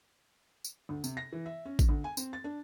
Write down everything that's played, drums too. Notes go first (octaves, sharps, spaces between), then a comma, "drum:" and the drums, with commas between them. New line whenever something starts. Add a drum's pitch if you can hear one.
drum: tambourine
D2
C3, drum: tambourine
A#6
E3
E5
C#4
drum: kick A1, tambourine
D2
G#5
C4, drum: tambourine
A6
D4